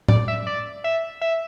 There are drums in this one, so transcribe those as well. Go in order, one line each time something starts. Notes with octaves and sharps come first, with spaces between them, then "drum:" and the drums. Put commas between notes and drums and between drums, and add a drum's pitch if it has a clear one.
D5, drum: tom
E5
D5
E5
E5